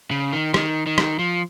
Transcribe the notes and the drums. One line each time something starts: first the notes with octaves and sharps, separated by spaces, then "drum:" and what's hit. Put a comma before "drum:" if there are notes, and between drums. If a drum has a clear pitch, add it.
C#3
D#3
D#3, drum: rim click
D#3
drum: rim click
F3